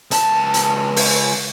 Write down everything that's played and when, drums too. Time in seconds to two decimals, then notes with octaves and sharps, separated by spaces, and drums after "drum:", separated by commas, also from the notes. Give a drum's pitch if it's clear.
0.11 C#2 A5, drum: hi-hat
0.54 drum: hi-hat
0.96 drum: open hi-hat